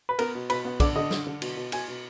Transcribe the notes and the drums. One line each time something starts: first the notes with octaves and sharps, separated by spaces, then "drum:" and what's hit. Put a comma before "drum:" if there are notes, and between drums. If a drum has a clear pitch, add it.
B4
B3 A#4, drum: cymbal
B2
B2 B4, drum: cymbal
B3
D3 D5, drum: kick, cymbal
D3 D#5
D3, drum: snare
D3
B2, drum: cymbal
B2
B2 G#5, drum: cymbal
B2